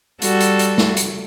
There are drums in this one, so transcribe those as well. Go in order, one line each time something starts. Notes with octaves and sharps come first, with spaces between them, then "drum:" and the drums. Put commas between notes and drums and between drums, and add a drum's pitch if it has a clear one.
G3 F#4 A4, drum: hi-hat
drum: hi-hat
drum: hi-hat
drum: snare
drum: hi-hat